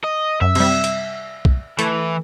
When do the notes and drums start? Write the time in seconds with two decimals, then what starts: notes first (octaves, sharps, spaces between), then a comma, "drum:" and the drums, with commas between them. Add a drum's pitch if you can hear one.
0.04 D#5
0.41 F#2 E5
0.55 C3 G3, drum: cymbal
0.84 drum: hi-hat
1.45 drum: kick B1
1.79 E3 A3, drum: hi-hat